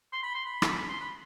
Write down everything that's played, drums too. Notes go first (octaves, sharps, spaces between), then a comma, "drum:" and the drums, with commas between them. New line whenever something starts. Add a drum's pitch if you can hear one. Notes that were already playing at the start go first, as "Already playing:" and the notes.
C6
B5
C6
B5
drum: rim click
B5
C6
B5